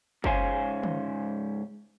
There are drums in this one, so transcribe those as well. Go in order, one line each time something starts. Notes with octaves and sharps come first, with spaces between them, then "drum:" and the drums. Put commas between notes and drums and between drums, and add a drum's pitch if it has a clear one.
C#2 G#2 C#4 C5 F5 G#5, drum: kick F#1
drum: tom